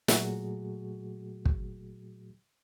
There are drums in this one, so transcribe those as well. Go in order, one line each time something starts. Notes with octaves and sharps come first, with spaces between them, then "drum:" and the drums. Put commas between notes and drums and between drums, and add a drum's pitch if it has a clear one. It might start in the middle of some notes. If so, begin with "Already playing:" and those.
A#2 F#3 A3 F#4 G#4, drum: snare
drum: kick